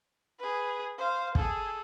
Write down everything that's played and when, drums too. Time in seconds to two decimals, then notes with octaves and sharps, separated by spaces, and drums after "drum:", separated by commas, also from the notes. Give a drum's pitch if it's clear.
0.39 G#4 B4
0.98 C5 F5
1.35 G#4 A4, drum: kick